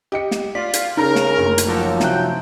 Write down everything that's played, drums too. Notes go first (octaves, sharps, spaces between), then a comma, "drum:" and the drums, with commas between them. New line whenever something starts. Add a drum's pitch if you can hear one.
G4 D#5 C#7
drum: snare
F4 D5 B6
drum: hi-hat
C#3 D#4 A4 A#4 A#5
drum: snare
F#1 D2
drum: hi-hat
F3 F#3 F#4 G4 A4
C3 E4 G5 F#6, drum: snare